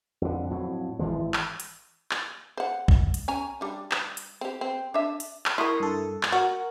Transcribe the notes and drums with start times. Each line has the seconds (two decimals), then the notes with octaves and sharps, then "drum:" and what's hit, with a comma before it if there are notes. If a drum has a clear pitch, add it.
0.22 F2 D3
0.50 F2 A2 F#3
0.99 G#1 E3 F3 G#3
1.34 drum: clap
1.60 drum: hi-hat
2.11 drum: clap
2.57 C5 F#5
2.88 drum: kick
3.14 drum: hi-hat
3.28 C#4 G#5 A#5
3.61 G3 D4
3.91 drum: clap
4.17 drum: hi-hat
4.41 C4 G4
4.61 C4
4.94 D4 E5
5.20 drum: hi-hat
5.46 drum: clap
5.58 E4 A#4 C6 C#6 D#6
5.80 G2 A4
6.23 drum: clap
6.32 F#4 A#4